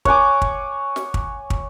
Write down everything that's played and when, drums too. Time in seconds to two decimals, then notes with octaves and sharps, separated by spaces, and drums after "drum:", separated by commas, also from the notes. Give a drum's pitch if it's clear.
0.05 C#5 F#5 G#5 D6, drum: kick
0.42 drum: kick
0.96 drum: snare
1.14 drum: kick
1.50 drum: kick